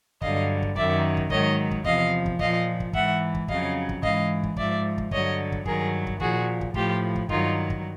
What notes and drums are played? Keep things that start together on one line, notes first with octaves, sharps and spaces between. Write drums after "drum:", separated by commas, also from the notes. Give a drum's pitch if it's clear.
G2 D3 F#3 D#5 F5, drum: kick
drum: kick
F#2 D#3 F#3 D5 E5, drum: kick
drum: kick
G#2 D#3 F#3 C#5 D#5, drum: kick
drum: kick
E2 C3 F3 D#5 F5, drum: kick
drum: kick
A#2 F3 D#5 F5, drum: kick
drum: kick
G#2 E3 E5 F#5, drum: kick
drum: kick
F2 C#3 F#3 D#5 F5, drum: kick
drum: kick
G#2 E3 D#5 F5, drum: kick
drum: kick
G#2 F3 D5 E5, drum: kick
drum: kick
G2 D3 F#3 C#5 D#5, drum: kick
drum: kick
G2 D#3 F#3 G#4 A#4, drum: kick
drum: kick
A#2 F3 F#4 G#4, drum: kick
drum: kick
A2 F3 F4 G4, drum: kick
drum: kick
G2 D#3 F#3 D#4 F4, drum: kick
drum: kick